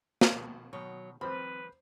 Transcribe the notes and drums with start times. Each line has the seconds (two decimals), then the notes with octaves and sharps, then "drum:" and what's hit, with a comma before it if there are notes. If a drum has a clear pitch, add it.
0.21 B2 D#3 F3, drum: snare
0.73 B2 D#3 F#3
1.21 D#3 F3 G3 C4 B4 C5 B5